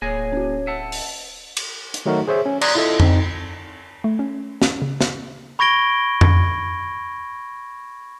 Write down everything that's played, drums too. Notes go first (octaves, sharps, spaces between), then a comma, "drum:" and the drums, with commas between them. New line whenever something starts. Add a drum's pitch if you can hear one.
D1 A#3 G#4 C#5 G#5 A#6
C#4 F#4
E5 F#5 A5 E6
drum: open hi-hat
drum: cymbal
drum: hi-hat
D#3 F#3 A3 D#4 F#4 A#4
G#4 C5 C#5 E5
C#4
D5 A#5 C6 D#6 F#6 G#6, drum: cymbal
E4 F4 A4 D#5
C4 D#4, drum: tom F2
A3
C#4
C#4, drum: snare
C#3
drum: snare
B5 C#6 G#6 A#6 D7 G7
drum: tom F2